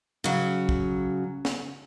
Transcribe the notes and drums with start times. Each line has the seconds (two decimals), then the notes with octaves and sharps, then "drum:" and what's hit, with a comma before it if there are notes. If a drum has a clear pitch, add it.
0.24 C#3 F#3
0.69 drum: kick
1.45 drum: snare